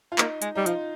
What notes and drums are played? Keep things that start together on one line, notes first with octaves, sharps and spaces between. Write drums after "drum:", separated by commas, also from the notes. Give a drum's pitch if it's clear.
F4
A#3 D#4, drum: clap
G#3, drum: hi-hat
G3 D#4
F3 F4, drum: hi-hat